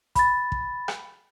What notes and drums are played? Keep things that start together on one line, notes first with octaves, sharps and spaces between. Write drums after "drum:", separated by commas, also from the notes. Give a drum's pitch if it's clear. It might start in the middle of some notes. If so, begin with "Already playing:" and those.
B5 A6, drum: kick, hi-hat
drum: kick
drum: rim click